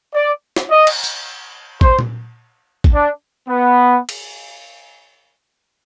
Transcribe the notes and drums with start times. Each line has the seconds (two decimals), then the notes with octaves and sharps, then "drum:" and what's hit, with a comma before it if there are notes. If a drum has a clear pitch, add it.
0.15 D5
0.56 drum: snare
0.70 D#5
0.87 drum: cymbal
1.04 drum: tambourine
1.81 C5, drum: kick
1.99 drum: tom A#2
2.84 drum: kick
2.93 D4
3.49 B3
4.09 drum: cymbal